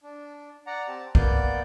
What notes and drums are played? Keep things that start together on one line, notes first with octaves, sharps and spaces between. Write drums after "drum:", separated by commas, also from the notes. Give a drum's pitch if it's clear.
D4
D5 F#5 A#5
C4 G4 A5
A#3 B3 D5 G6, drum: kick